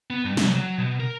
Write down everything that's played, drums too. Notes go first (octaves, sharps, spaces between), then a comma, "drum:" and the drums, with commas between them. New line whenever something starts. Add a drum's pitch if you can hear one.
B3
G2
C2, drum: snare
F#3
B2
A#4